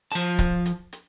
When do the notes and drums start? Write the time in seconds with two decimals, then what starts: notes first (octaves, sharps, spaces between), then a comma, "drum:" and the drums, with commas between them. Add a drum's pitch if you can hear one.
0.12 F3 A5, drum: hi-hat
0.39 drum: kick C#1, hi-hat
0.66 drum: hi-hat
0.93 drum: hi-hat